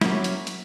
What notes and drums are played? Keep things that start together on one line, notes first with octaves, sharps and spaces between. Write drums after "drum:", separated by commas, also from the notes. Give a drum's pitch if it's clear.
F#3 A#3 C#4 E4, drum: snare
drum: hi-hat
drum: hi-hat